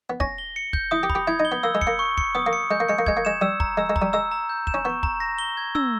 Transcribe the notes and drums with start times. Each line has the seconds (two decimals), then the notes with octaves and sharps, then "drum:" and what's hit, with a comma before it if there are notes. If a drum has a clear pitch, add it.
0.10 B3
0.20 C#4 A#6, drum: kick
0.38 G7
0.56 C#7
0.73 G6, drum: kick
0.91 E4 D#6
1.03 G4
1.10 B5, drum: kick
1.15 G4
1.27 E4 G#6
1.40 D#4
1.45 G7
1.52 B3
1.63 A#3 E6
1.75 G#3
1.81 C#7, drum: kick
1.87 A#3
1.99 C#6
2.18 C#7, drum: kick
2.35 B3 D#6
2.47 A#3
2.53 C#7
2.71 G#3 G6
2.80 A#3
2.89 G#3 C#7
2.99 A#3
3.06 G#3 G#6, drum: kick
3.17 A#3
3.25 G#3 E7
3.42 G3 E6
3.60 A#5, drum: kick
3.77 G#3 E6
3.90 G#3
3.96 A#5, drum: kick
4.02 G3
4.13 G#3 E6
4.31 A#5
4.50 G6
4.67 E7, drum: kick
4.74 C#4
4.85 B3 C#6
5.03 A#5, drum: kick
5.20 A#6
5.38 G7
5.57 G#6
5.75 E6, drum: tom